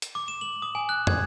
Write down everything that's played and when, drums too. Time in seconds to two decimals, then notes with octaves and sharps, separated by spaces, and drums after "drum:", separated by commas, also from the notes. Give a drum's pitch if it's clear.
0.02 drum: hi-hat
0.15 D6
0.28 E7
0.41 F#7
0.62 D#6
0.75 G#5
0.89 F#6
1.07 G#6, drum: tom